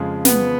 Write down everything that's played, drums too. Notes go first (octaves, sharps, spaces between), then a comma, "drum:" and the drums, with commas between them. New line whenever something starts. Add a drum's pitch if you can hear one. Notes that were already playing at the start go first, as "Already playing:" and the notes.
Already playing: F2 C#3 F3 G#3
B3, drum: snare